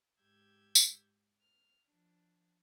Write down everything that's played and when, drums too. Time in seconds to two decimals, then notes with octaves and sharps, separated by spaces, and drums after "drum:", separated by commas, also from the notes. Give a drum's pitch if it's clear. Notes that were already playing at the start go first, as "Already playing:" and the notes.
0.21 G#2 G4 E6 G6 G#6
0.75 drum: tambourine
1.41 F6
1.87 F3 D4